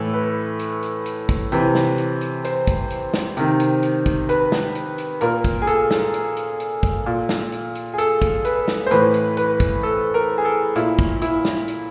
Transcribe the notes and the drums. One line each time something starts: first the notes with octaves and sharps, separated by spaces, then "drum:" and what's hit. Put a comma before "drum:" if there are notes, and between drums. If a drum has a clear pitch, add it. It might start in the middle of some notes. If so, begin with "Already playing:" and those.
Already playing: A2 E3 A4
B4
drum: hi-hat
drum: hi-hat
drum: hi-hat
drum: kick, hi-hat
C3 E3, drum: hi-hat
drum: snare
drum: hi-hat
drum: hi-hat
C5, drum: hi-hat
drum: kick, hi-hat
drum: hi-hat
drum: snare
C3 D#3, drum: hi-hat
drum: hi-hat
drum: hi-hat
drum: kick, hi-hat
B4, drum: hi-hat
drum: snare
drum: hi-hat
drum: hi-hat
A#2 A#4, drum: hi-hat
drum: kick, hi-hat
G#4
A4, drum: hi-hat
drum: snare
drum: hi-hat
drum: hi-hat
drum: hi-hat
drum: kick, hi-hat
A#2
drum: snare
drum: hi-hat
drum: hi-hat
G#4
A4, drum: hi-hat
drum: kick, hi-hat
B4, drum: hi-hat
drum: snare
C5
A2 E3 B4, drum: hi-hat
drum: hi-hat
B4, drum: hi-hat
drum: kick, hi-hat
A4
A#4
G#4
A4
A#2 E4, drum: hi-hat
drum: kick, hi-hat
E4, drum: hi-hat
drum: snare
drum: hi-hat